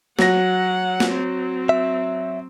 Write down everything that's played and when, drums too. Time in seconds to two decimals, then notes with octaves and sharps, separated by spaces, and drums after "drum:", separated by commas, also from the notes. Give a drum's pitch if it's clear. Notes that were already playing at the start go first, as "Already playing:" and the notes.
0.19 F#3 F#5 A#6, drum: snare
1.00 drum: snare
1.12 C4
1.69 E5